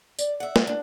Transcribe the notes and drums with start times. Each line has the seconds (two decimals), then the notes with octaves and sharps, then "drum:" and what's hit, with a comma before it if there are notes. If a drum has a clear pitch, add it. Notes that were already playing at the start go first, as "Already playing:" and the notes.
0.19 D5, drum: tambourine
0.40 E5 F#5
0.56 drum: snare
0.67 D4